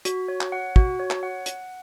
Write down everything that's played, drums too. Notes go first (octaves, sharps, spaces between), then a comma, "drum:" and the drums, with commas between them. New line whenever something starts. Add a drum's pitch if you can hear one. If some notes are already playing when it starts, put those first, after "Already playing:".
F#4, drum: hi-hat
C#5
drum: clap
F#5
F#4, drum: kick
C#5
drum: clap
F#5
F#5, drum: hi-hat